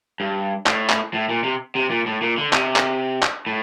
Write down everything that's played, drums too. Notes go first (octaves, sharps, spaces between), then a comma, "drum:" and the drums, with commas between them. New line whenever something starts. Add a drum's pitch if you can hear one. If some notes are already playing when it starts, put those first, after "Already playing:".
G2
A2, drum: clap
drum: clap
A2
A#2
C3
C3
A#2
A2
A#2
D3
C3, drum: clap
drum: clap
drum: clap
A2